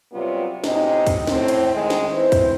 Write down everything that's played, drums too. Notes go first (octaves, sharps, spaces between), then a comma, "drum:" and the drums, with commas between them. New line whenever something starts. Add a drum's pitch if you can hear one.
C3 F#3 G3 B3 C#4 F4
A2 C3 G#3 D#4, drum: snare
drum: kick, cymbal
A2 C4, drum: snare
drum: cymbal
D#3 G#3 D#4
drum: snare
C4 E4 B4 C5
drum: kick, cymbal